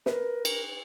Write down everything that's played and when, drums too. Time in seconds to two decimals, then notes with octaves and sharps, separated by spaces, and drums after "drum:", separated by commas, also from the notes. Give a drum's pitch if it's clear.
0.06 A#4 B4, drum: snare
0.45 drum: cymbal